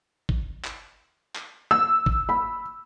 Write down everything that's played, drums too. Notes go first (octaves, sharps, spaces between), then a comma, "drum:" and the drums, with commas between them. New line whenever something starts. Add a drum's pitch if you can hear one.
drum: kick
drum: clap
drum: clap
E6
drum: kick
B5